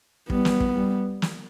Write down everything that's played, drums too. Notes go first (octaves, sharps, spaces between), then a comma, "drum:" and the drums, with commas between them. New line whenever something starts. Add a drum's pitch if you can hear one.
G3 B3, drum: kick
drum: snare
drum: kick
G3
drum: snare